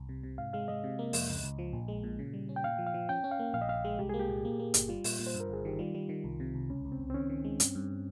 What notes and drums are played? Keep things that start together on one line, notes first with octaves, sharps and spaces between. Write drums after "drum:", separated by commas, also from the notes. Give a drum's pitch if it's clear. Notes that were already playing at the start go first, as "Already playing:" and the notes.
Already playing: C2
C3
C3
G#2 F5
G#3 F5
G#3 D#5
C3
A#3
F2, drum: open hi-hat
C#2
C#2
F3
A#1
G#3
A#2
C#3
G3
C#4
G5
A#2 F5
F3
F5
F3
C#4 G5
C#4
F5
A#3
A#1 F5
D#5
A#1 F5
G#3
C2 G4
A#3 G#4
G4
A#2
A#3
A#3
G1, drum: hi-hat
G3 F4
A#2, drum: open hi-hat
A#2
C5
G2
A#4
G1 G#4
D#3 G4
G3 F4
G3
D#3
C2
C3
C2
C#2 C#4
C#2
C4
C#2
C4
D#3 C#4
D#3
G#3
G2, drum: hi-hat
G2